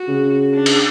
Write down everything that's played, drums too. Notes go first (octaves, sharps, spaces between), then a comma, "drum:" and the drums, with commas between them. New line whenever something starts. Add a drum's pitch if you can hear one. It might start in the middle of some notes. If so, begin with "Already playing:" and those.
Already playing: F#4
C#3
D4
drum: cymbal